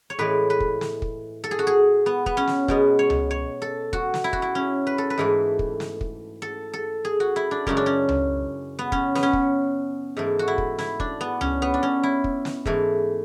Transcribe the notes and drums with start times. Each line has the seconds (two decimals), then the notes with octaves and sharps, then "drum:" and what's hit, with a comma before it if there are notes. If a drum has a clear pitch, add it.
0.10 C#5
0.19 A2 E3 G#3 B4
0.50 B4
0.60 drum: kick
0.81 drum: snare
1.02 drum: kick
1.44 A4
1.51 G#4
1.59 F#4
1.67 G#4
2.06 B3
2.26 B3, drum: kick
2.37 C#4
2.47 drum: snare
2.68 B2 G#3 B3, drum: kick
2.99 C#5
3.10 drum: tom C#2
3.31 C#5
3.62 A4
3.93 F#4, drum: kick
4.14 drum: snare
4.24 E4
4.33 F#4, drum: kick
4.42 E4
4.55 C#4
4.87 B4
4.98 A4
5.10 B4
5.18 G#2 E3 A3
5.59 drum: kick
5.80 drum: snare
6.01 drum: kick
6.42 A4
6.74 A4
7.05 G#4
7.20 F#4
7.36 E4
7.51 D4
7.67 F#2 C#3 G#3 C#4, drum: kick
7.77 D4
7.86 C#4
8.09 drum: tom C#2
8.79 B3
8.92 C#4, drum: kick
9.15 B3, drum: snare
9.23 C#4
9.33 drum: kick
10.17 G#2 E3 A3
10.39 F#4
10.48 E4
10.58 drum: kick
10.79 E4, drum: snare
11.00 D4, drum: kick
11.21 B3
11.41 C#4, drum: tom C#2
11.62 B3
11.74 D4
11.83 C#4
12.03 E4
12.24 drum: kick
12.45 drum: snare
12.66 G#2 E3 A3, drum: kick